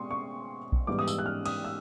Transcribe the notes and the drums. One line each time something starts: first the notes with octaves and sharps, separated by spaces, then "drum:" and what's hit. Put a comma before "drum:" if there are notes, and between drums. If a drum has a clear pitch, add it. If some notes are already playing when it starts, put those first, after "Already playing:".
Already playing: B2 G#3 C4 C6 C#6 D#6
C#6
drum: kick A#1
G#2 E3 G3 B3 D6
D#6
E6, drum: tambourine
F#6
F6
D#6, drum: cymbal
E6